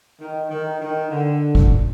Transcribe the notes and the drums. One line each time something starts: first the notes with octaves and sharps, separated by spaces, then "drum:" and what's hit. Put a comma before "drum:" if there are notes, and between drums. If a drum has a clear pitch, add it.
D#3
D#3
D#3
D3
drum: kick